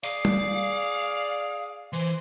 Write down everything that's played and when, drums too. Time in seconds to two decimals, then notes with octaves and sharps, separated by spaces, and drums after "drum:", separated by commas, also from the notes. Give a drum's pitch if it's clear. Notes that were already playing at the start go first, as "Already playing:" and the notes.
0.03 G#4 D5 F5, drum: open hi-hat
0.25 drum: tom G3
1.93 E3 C5